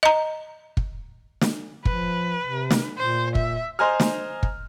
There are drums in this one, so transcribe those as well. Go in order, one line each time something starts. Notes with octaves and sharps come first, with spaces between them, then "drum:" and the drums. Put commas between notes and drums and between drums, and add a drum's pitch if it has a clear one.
D#5 A#5
drum: kick
drum: snare
F3 B4, drum: kick
C3
drum: snare
A#2 C5
E5, drum: kick
C5 D#5 G#5 A#5 F6
drum: snare
drum: kick